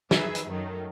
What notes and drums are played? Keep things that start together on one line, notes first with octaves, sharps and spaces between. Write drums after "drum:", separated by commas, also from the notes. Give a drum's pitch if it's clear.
D#3 G#4 B4 E5, drum: snare
drum: hi-hat
F#2 D#3 F#3 A3